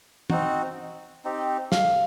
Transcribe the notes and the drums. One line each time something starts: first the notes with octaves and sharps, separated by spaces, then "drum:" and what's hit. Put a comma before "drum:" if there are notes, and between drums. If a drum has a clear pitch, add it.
C4 D#4 F#4, drum: tom
C4 D#4 G4
F5, drum: snare